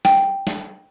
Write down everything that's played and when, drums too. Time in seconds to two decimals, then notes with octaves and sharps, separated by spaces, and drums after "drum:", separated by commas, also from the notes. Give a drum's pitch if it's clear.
0.05 G5, drum: snare
0.47 drum: snare